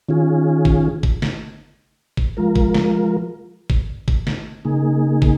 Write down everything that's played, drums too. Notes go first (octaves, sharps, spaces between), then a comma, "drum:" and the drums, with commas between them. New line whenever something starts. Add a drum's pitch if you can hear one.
D#3 C#4 F4 G#4
drum: kick
drum: kick
drum: snare
drum: kick
F3 G#3 F4 A#4
drum: kick
drum: snare
drum: kick
drum: kick
drum: snare
C#3 A#3 D#4 G#4
drum: kick